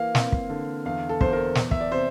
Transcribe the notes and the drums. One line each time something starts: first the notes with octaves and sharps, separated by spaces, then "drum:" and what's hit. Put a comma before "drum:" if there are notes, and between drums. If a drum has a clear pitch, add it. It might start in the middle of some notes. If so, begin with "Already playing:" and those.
Already playing: E3 A#3 F5
C4, drum: snare
drum: kick
D3
E2 F5
A4
E2 C5, drum: kick
A#4
E2, drum: snare
E5, drum: kick
D5
C3 C5